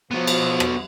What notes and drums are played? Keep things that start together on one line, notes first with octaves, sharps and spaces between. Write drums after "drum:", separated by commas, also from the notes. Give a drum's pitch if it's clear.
F3 F#3 B3
drum: cymbal
drum: rim click